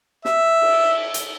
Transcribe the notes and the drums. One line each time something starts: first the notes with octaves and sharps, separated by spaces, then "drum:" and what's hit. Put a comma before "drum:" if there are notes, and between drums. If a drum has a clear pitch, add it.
E5, drum: snare
drum: cymbal
drum: hi-hat